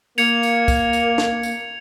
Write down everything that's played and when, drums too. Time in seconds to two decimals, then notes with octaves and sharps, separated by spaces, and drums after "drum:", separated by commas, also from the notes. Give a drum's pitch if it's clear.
0.18 A#3 G#6 C#7 F7, drum: tambourine
0.43 drum: tambourine
0.68 drum: kick, tambourine
0.93 drum: tambourine
1.18 drum: snare
1.43 drum: tambourine